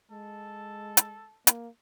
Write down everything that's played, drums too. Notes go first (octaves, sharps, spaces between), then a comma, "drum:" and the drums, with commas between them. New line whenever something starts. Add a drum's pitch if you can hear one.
G#3 A4
drum: hi-hat
A#3, drum: hi-hat